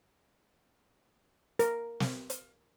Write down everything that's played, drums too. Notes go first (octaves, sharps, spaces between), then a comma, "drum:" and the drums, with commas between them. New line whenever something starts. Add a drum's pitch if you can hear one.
A#4, drum: hi-hat
drum: snare
drum: hi-hat